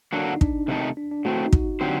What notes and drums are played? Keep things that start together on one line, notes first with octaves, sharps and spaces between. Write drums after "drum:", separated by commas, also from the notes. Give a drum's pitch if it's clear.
D3 F#3 A#3 D4 F#4 A4
D#4
D4, drum: kick
C3 D#3 A3 D#4 A4
D4
D4
A2 A3 C4 F#4
D#4
F#4, drum: kick
D3 F#3 C4 G4 C5